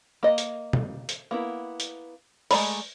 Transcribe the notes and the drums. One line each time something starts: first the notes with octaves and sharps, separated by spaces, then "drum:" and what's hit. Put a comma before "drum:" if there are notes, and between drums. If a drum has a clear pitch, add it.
A#3 D#5
drum: hi-hat
drum: tom
drum: hi-hat
A#3 B3 E4
drum: hi-hat
G#3 A3 D5 A#5 B5, drum: open hi-hat